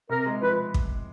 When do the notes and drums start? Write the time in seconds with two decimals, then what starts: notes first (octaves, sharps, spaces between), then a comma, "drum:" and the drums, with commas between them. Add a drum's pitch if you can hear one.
0.09 C3 A#4
0.26 G#3
0.42 F3 B4
0.74 drum: kick